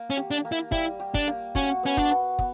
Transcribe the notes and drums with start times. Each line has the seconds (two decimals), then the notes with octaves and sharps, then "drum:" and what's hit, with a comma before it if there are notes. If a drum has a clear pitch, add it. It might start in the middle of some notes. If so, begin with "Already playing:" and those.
Already playing: A#3
0.10 C#4
0.17 G4
0.31 D4
0.45 A#3
0.52 E4
0.72 G3 E4, drum: kick
1.00 G4
1.14 D4, drum: kick
1.27 A#3
1.55 C#4 F#4, drum: kick
1.83 B3 C#4
1.97 D4, drum: kick
2.11 B3
2.39 B3, drum: kick